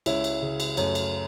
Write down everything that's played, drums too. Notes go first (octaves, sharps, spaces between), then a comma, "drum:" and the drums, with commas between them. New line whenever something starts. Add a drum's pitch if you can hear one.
C#2 C#4 E4, drum: cymbal
drum: cymbal
C#3
drum: cymbal
F#2 A3 C#4, drum: cymbal
drum: cymbal